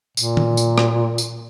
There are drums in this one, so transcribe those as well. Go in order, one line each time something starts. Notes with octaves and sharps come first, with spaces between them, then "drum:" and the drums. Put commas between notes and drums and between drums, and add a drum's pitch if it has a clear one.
A#2, drum: tambourine
drum: tom D#3
drum: tambourine
drum: rim click
drum: tambourine